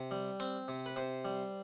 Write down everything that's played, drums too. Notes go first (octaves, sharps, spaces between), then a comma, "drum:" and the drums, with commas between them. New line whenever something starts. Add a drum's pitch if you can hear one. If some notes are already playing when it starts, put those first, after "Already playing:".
Already playing: C3
G3
C4, drum: open hi-hat
C3
B4
C3 C5
G3